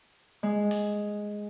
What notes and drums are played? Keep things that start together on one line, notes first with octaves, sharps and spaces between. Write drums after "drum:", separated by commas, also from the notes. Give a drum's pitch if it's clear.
G#3
drum: open hi-hat